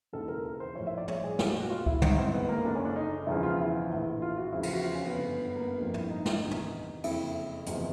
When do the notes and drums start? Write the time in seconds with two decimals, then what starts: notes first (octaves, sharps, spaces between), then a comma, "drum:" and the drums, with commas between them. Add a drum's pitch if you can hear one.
0.13 E1 D#2 C#3 E3 A4
0.28 A#4
0.45 A#4
0.60 C5
0.75 B1 A2 F3 C#5
0.87 E5
0.98 D5
1.08 C#5, drum: tom
1.24 G#4
1.39 B1 B2 G4, drum: snare
1.50 F#4
1.60 F#4
1.70 F4
1.86 E4, drum: kick C#2
2.02 G#1 G#2 E3 D#4, drum: tom
2.18 C4
2.33 B3
2.49 A#3
2.64 F#1 F#2 D3 D4
2.75 C#4
2.85 D4
2.96 D#4
3.27 E1 E2 C#3 F3 E4
3.43 F4
3.59 E4
3.90 A#1 A2 E3
4.22 F4
4.37 F#4
4.53 E2 C#3 F3 E4
4.63 F4, drum: cymbal
4.73 F#4
4.84 F4
4.95 C#4
5.06 B3
5.16 G1 F#2 D3
5.47 B3
5.56 A#3
5.63 B3
5.78 G1 F2 D3 F3 A#3
5.94 E4, drum: tom
6.10 D#4
6.25 D4, drum: snare
6.41 E2 C3 D#3 D#4
6.51 drum: tom
7.04 F#1 F2 D3 E4, drum: cymbal
7.66 F#1 E2 C3 F3, drum: hi-hat